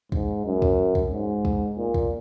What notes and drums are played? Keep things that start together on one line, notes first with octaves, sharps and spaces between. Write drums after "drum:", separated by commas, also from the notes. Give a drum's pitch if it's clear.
G#2, drum: kick
F#2
drum: kick
drum: kick
G#2
drum: kick
A#2
drum: kick